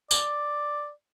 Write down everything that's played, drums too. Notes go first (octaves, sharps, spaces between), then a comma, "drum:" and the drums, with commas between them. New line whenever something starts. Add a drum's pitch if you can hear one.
D5, drum: tambourine